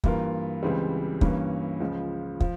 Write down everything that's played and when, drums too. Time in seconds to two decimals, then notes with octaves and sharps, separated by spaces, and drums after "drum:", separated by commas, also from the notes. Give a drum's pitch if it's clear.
0.04 G2 E3 A#3 F4 A#4, drum: kick
0.63 C#2 C#3 E3 G3 C4
1.21 G2 E3 A#3 C#4, drum: kick
1.80 C#2 C#3 F3
2.40 F3, drum: kick